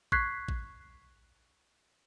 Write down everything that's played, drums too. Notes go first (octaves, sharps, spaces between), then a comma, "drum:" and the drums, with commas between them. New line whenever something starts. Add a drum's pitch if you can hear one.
C#6 F#6 G#6 B6 C7, drum: kick A1
drum: kick A1